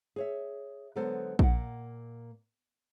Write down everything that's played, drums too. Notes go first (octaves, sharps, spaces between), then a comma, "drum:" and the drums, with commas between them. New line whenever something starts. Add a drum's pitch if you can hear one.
G#4 C#5 E5
D3 F#3 G#3 B3 A4 C5
A#2 A#3 F#5, drum: kick A#1